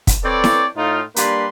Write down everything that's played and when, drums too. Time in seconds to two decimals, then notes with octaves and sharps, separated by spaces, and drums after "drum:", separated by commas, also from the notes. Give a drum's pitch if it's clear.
0.07 drum: kick, hi-hat
0.24 C4 A4 B4 C#5 D5
0.44 drum: snare E4
0.77 A2 D#4 F4
1.16 G3 A#3 D4 G4 B4 C6, drum: hi-hat